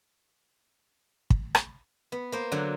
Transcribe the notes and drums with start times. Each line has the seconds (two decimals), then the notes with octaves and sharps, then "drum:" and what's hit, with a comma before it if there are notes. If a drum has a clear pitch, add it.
1.30 drum: kick
1.55 drum: rim click
2.12 B3
2.32 A#3 C5
2.52 D3 F#3 F#5